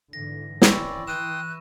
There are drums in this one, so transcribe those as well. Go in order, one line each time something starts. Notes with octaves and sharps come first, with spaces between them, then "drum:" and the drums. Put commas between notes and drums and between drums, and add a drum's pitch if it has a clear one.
G#2 D3 E3 A#6
E3 C4 C#4 D5 B5 C#6 E6, drum: snare
G5 C6 D#6 F#6 D#7 E7